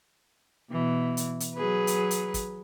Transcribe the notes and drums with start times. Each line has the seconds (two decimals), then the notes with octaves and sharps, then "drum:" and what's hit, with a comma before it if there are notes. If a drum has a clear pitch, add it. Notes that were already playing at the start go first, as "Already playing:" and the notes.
0.70 B2 E3
1.17 drum: hi-hat
1.40 drum: hi-hat
1.55 F#3 G#4 B4
1.87 drum: hi-hat
2.11 drum: hi-hat
2.34 drum: kick, hi-hat